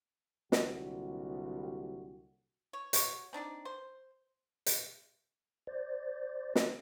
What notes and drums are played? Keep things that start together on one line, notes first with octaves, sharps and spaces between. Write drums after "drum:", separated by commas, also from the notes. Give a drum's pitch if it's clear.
C2 A#2 D3 F#3 G3 F#4, drum: snare
C#5
F#4 C#5, drum: hi-hat
C4 D4 D#4 D5
C5
drum: hi-hat
C5 D5
drum: snare